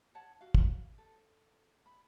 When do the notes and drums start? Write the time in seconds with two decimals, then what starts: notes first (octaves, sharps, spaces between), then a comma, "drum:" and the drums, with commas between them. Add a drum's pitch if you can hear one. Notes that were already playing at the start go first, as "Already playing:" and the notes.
0.15 C#5 F#5 A5
0.41 F#4 F5
0.55 drum: kick
0.98 A4
1.86 B5